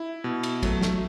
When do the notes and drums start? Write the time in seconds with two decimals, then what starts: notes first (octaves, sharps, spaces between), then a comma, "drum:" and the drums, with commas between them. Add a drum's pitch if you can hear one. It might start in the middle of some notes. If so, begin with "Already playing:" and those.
Already playing: E4
0.24 B2
0.43 drum: cymbal
0.63 F#3 A3, drum: kick, cymbal
0.82 drum: snare